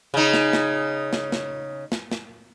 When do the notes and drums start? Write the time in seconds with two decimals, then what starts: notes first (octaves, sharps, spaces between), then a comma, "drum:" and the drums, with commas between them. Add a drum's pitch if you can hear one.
0.14 C#3 D#4
0.33 drum: snare
0.53 drum: snare
1.13 drum: snare
1.32 drum: snare
1.92 drum: snare
2.11 drum: snare